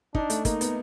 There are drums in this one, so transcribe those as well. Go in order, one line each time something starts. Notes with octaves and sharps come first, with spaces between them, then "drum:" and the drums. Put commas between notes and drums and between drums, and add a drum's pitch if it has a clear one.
D4 D#4, drum: kick
A3, drum: hi-hat
A#3 D#4, drum: kick, hi-hat
B3, drum: hi-hat